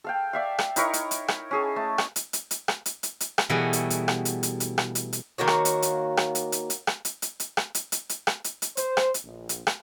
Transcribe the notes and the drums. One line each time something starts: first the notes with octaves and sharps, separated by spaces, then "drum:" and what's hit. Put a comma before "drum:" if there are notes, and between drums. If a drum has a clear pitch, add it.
A4 F5 G5
D5 E5 F5
drum: rim click
D#4 E4 A#4 C#5, drum: hi-hat
drum: hi-hat
drum: hi-hat
drum: rim click
C#4 G#4 A4
A3 A5
drum: rim click
drum: hi-hat
drum: hi-hat
drum: hi-hat
drum: rim click
drum: hi-hat
drum: hi-hat
drum: hi-hat
drum: rim click
B2 E3 G3 A3 F#4 G#4
drum: hi-hat
drum: hi-hat
drum: rim click
drum: hi-hat
drum: hi-hat
drum: hi-hat
drum: rim click
drum: hi-hat
drum: hi-hat
D#3 A#3 F#4 C#5
drum: rim click
drum: hi-hat
drum: hi-hat
drum: rim click
drum: hi-hat
drum: hi-hat
drum: hi-hat
drum: rim click
drum: hi-hat
drum: hi-hat
drum: hi-hat
drum: rim click
drum: hi-hat
drum: hi-hat
drum: hi-hat
drum: rim click
drum: hi-hat
drum: hi-hat
C5, drum: hi-hat
drum: rim click
drum: hi-hat
A#1
drum: hi-hat
drum: rim click